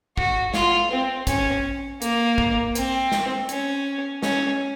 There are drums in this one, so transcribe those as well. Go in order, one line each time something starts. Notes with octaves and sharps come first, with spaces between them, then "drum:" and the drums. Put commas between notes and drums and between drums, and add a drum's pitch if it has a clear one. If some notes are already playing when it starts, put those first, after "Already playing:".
F#4, drum: kick
F4, drum: snare
C4
C#4, drum: kick, hi-hat
A#3, drum: hi-hat
drum: kick
C4, drum: hi-hat
drum: snare
C#4, drum: hi-hat
C#4, drum: snare